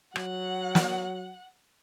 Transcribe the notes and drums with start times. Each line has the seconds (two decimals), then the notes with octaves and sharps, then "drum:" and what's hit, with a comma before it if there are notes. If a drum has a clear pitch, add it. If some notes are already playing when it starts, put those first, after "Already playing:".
0.16 F#3 F#5, drum: rim click
0.75 drum: snare